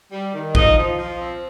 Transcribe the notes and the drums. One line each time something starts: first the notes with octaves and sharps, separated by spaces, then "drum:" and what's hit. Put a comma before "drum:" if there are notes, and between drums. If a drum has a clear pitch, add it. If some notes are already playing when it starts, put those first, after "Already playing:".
G3
D#3
F3 D#4 D#5, drum: kick
F3
F3
C4